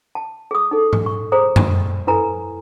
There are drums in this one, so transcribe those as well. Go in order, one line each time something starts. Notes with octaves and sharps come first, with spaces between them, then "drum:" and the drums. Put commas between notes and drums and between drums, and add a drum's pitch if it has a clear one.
A5
G#4 D#6
D#4 G#4 A4
drum: tom G#2
C#6
G#4 C5 A#5 D#6
drum: tom F#2
E4 A4 B4 G#5 A#5